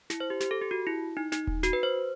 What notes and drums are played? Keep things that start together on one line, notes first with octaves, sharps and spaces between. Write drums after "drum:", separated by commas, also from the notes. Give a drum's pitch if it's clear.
E4, drum: snare
C5
G4
G4, drum: snare
A4
G4
F#4
E4
D#4
D#4, drum: snare
drum: kick D#1
F#4, drum: snare
B4
C5